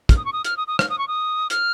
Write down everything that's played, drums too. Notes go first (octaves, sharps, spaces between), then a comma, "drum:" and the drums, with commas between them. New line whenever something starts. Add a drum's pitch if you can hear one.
F6, drum: kick, hi-hat
D#6
C#6
D#6
F6, drum: hi-hat
D#6
D#6
F6, drum: rim click
D#6
C#6
D#6
F6, drum: hi-hat